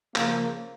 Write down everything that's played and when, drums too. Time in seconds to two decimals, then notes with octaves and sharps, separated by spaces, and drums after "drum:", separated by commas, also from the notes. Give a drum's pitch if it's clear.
0.15 C#3 F3 A#3, drum: clap